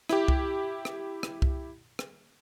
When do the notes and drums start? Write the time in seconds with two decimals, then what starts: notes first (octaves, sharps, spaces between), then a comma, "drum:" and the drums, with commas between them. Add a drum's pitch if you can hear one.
0.09 E4 G4, drum: rim click
0.28 drum: kick C2
0.85 drum: rim click
1.23 drum: rim click
1.42 drum: kick C2
1.99 drum: rim click